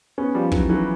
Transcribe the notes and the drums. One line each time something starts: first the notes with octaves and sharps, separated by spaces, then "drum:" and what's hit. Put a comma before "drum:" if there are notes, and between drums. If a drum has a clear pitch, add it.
B3 C#4
F3 G3
E3 F#3, drum: kick
E3 F#3